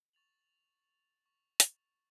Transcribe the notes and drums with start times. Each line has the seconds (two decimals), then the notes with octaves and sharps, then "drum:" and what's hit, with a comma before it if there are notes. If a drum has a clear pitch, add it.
0.13 C#6 A6 F7 F#7
1.26 C#6
1.60 drum: hi-hat